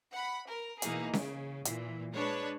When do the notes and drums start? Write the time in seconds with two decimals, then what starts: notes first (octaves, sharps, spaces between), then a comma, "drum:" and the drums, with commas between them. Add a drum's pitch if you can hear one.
0.14 F#5 B5
0.49 A#4
0.82 B2 E3 A#3 D#4 G#4, drum: hi-hat
1.13 C#3, drum: snare C#4
1.65 A#2 E3, drum: hi-hat
2.14 G#3 D4 B4 C#5